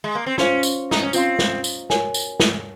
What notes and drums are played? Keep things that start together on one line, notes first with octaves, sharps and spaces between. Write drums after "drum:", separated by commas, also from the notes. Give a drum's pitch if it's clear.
G#3
A#3
C4
C#4 F4 C5 F5 C6, drum: snare
drum: tambourine
D#4, drum: snare
C#4
C4 F4 C5 F5 C6, drum: tambourine
drum: snare
drum: tambourine
F#4 A#4 C#5 G#5, drum: snare
drum: tambourine
drum: snare